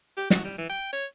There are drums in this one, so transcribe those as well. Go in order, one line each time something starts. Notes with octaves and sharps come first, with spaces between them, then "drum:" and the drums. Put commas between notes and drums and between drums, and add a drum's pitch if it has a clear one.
G4
F#4, drum: snare
G3
E3
G5
C#5